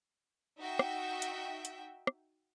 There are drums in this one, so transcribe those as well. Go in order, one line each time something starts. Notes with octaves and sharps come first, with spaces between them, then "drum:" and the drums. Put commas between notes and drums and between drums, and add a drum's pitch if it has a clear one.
D#4 F#4 E5 G5
drum: rim click
drum: hi-hat
drum: hi-hat
drum: rim click